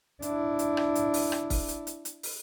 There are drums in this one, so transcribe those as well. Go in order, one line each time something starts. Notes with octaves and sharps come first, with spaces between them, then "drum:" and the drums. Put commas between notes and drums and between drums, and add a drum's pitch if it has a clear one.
D4 E4, drum: hi-hat
drum: hi-hat
drum: rim click
drum: hi-hat
drum: open hi-hat
drum: rim click
drum: kick, open hi-hat
drum: hi-hat
drum: hi-hat
drum: hi-hat
drum: open hi-hat